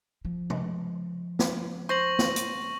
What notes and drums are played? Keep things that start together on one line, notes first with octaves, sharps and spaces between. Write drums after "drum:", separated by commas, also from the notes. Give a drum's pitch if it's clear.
F3
drum: tom
drum: snare
C5 C#6 A#6 F#7
drum: snare
drum: hi-hat